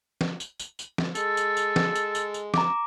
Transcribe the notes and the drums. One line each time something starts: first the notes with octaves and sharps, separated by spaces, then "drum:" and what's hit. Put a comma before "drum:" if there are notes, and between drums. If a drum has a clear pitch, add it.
drum: snare
drum: tambourine
drum: tambourine
drum: tambourine
drum: snare
G#3 A4, drum: tambourine
drum: tambourine
drum: tambourine
drum: snare
drum: tambourine
drum: tambourine
drum: tambourine
A#5 D6, drum: snare